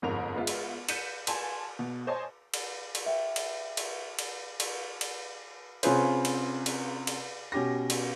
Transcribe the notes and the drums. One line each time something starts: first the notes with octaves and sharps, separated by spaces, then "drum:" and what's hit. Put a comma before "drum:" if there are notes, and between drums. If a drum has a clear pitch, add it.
G1 F2 G#2 A#4 F7
G#3 B3 F4 E5
drum: cymbal
F#6 G6 B6 C#7 D#7 E7, drum: cymbal
G#5 A5 C6, drum: cymbal
B2
C5 C#5 D#5 G#5 A5 C6
drum: cymbal
drum: cymbal
E5 G5
drum: cymbal
drum: cymbal
drum: cymbal
drum: cymbal
drum: cymbal
C3 C#4 F4 G#4 B4 C5, drum: cymbal
drum: cymbal
drum: cymbal
drum: cymbal
B2 C#4 G4 A#6
drum: cymbal